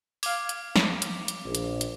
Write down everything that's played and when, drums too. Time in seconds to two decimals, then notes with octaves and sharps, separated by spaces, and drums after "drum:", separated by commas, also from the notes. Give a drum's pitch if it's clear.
0.23 F5 D6 G#6, drum: open hi-hat
0.49 drum: hi-hat
0.76 drum: snare
1.02 drum: hi-hat
1.28 drum: hi-hat
1.45 A#1
1.55 drum: hi-hat
1.81 drum: hi-hat